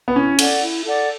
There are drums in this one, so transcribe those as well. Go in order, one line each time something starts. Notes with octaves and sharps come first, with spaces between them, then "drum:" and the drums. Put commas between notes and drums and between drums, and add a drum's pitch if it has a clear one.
B3
C#4 E4
A4 D5 F#5, drum: cymbal
E4
A4 D5 F#5